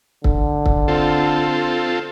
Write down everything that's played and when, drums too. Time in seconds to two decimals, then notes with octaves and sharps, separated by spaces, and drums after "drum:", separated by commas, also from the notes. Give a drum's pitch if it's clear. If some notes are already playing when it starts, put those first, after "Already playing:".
0.24 D3, drum: kick
0.66 drum: kick
0.88 C4 F4 A4